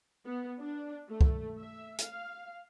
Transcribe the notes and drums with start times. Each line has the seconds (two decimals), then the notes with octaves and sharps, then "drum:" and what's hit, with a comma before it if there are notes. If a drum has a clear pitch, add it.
0.25 B3
0.59 D4
1.09 A3
1.21 drum: kick
1.59 E5
1.98 F5, drum: hi-hat